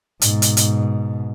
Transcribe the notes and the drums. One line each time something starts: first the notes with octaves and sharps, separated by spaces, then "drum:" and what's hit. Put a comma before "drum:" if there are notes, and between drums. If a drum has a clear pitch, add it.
G#2 B2, drum: hi-hat
drum: hi-hat
drum: hi-hat